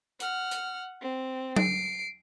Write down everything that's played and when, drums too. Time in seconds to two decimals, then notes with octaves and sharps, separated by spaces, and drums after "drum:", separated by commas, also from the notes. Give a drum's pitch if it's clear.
0.20 F#5 F6, drum: hi-hat
0.51 drum: hi-hat
1.02 C4
1.56 C7 D7, drum: tom F#3